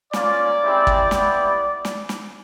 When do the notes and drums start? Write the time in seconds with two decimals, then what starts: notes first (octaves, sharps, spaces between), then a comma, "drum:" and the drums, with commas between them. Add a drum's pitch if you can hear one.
0.13 A#3 C#4 F4 D5, drum: snare
0.62 G#3 C4 E4 G4
0.87 drum: kick
1.11 B3 E4 G4, drum: snare
1.85 drum: snare
2.09 drum: snare